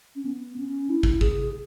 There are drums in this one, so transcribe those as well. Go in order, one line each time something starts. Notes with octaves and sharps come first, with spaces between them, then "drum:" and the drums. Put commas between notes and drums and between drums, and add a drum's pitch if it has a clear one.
C#4
B3
C#4
E4
drum: kick
G#4, drum: kick